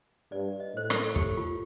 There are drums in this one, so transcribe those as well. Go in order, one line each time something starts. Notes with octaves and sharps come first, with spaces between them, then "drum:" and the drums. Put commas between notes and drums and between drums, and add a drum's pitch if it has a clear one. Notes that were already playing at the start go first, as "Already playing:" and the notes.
G2 D5
D#5
A2 C5
A#4, drum: rim click
A4
G4, drum: kick
F4